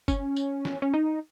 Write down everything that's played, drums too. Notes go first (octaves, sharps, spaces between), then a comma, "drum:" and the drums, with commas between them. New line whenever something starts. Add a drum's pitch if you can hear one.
C#4, drum: kick F#1, tambourine
drum: tambourine
drum: snare
C#4
D#4